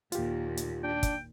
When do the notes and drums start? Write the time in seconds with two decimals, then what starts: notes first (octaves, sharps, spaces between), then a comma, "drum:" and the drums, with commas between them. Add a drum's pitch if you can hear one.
0.12 D#2 A#2 F4 G4, drum: hi-hat
0.57 drum: hi-hat
0.84 D4 G5
1.03 drum: kick, hi-hat